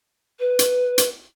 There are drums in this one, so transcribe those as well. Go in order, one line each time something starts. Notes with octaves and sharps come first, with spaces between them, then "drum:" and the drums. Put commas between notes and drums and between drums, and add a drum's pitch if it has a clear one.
B4
drum: hi-hat
drum: hi-hat